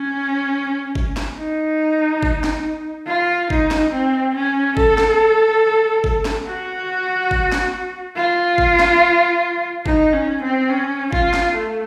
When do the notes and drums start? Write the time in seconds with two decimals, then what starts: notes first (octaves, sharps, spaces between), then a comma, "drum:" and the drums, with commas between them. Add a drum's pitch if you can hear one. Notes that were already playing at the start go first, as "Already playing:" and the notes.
Already playing: C#4
0.95 drum: kick G1
1.17 drum: snare
1.38 D#4
2.23 drum: kick G1
2.44 drum: snare
3.07 F4
3.50 D#4, drum: kick G1
3.71 drum: snare
3.92 C4
4.34 C#4
4.77 A4, drum: kick G1
4.98 drum: snare
6.04 drum: kick G1
6.25 drum: snare
6.47 F#4
7.31 drum: kick G1
7.52 drum: snare
8.16 F4
8.58 drum: kick G1
8.79 drum: snare
9.86 D#4, drum: kick G1
10.13 C#4
10.42 C4
10.69 C#4
11.13 F4, drum: kick G1
11.34 drum: snare
11.55 A3